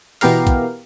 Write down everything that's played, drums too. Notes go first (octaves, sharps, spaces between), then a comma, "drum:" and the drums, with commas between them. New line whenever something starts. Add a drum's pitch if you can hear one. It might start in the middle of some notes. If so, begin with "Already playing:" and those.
B2 E3 B3 G4 A#4 F5, drum: open hi-hat
drum: kick B1, hi-hat